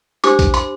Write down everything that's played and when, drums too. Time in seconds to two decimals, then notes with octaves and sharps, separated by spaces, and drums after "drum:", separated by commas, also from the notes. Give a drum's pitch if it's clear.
0.24 D4 G4 C5 D6, drum: hi-hat
0.39 drum: kick, hi-hat
0.54 C6, drum: hi-hat